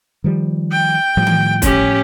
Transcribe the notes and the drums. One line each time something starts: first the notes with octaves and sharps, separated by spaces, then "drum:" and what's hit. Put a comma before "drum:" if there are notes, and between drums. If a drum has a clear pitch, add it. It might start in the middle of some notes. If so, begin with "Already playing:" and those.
D#3 F3 G3
G5
A2 F3 G3
drum: tom D#3
C#4 G4, drum: kick, hi-hat